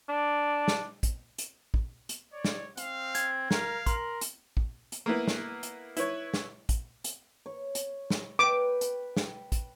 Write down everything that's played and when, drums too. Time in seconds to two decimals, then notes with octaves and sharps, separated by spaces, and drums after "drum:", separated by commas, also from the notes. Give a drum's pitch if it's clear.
0.09 D4
0.68 drum: snare
1.03 drum: kick, hi-hat
1.38 drum: hi-hat
1.74 drum: kick
2.09 drum: hi-hat
2.33 C#5 D5
2.45 drum: snare
2.77 C4 F5, drum: hi-hat
3.15 G#6, drum: hi-hat
3.51 A#4 F5, drum: snare
3.86 A#4 C6, drum: kick, hi-hat
4.21 drum: hi-hat
4.57 drum: kick
4.92 drum: hi-hat
5.06 A#3 B3 E4 B4
5.27 drum: snare
5.63 drum: hi-hat
5.97 E4 B4 C#5, drum: hi-hat
6.34 drum: snare
6.69 drum: kick, hi-hat
7.04 drum: hi-hat
7.46 C#5
7.75 drum: hi-hat
8.10 drum: snare
8.39 B4 G5 D6
8.81 drum: hi-hat
9.17 drum: snare
9.52 drum: kick, hi-hat